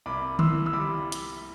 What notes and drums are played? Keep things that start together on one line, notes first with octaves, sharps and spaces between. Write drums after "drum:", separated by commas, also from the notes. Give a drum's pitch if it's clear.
C2 B5 D6
E3 C6 E6, drum: tom D3
E6
G3 B5 D6
drum: hi-hat